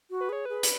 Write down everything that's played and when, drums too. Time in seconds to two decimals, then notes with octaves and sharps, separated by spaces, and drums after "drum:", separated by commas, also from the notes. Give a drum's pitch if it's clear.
0.10 F#4
0.21 B4
0.29 G#4 C#5
0.45 G#4 B4
0.63 drum: hi-hat